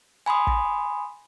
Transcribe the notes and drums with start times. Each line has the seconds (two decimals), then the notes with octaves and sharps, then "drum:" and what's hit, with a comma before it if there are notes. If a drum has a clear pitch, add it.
0.26 G#5 B5 C6 D#6
0.47 drum: kick